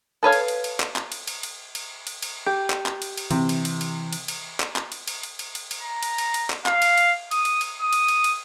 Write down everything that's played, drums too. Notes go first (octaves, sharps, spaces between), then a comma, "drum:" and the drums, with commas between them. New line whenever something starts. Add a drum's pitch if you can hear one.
A4 B4 C#5 F5
drum: cymbal
drum: cymbal
drum: cymbal
drum: clap
drum: clap
drum: cymbal
drum: cymbal
drum: cymbal
drum: cymbal
drum: cymbal
drum: cymbal
G4
drum: clap
drum: clap
drum: cymbal
drum: cymbal
C3 E3, drum: cymbal
drum: cymbal
drum: cymbal
drum: cymbal
drum: cymbal
drum: cymbal
drum: clap
drum: clap
drum: cymbal
drum: cymbal
drum: cymbal
drum: cymbal
drum: cymbal
drum: cymbal
A#5
drum: cymbal
drum: cymbal
drum: cymbal
drum: clap
F5, drum: clap
drum: cymbal
drum: cymbal
D#6, drum: cymbal
drum: cymbal
drum: cymbal
D#6
drum: cymbal
drum: cymbal
drum: cymbal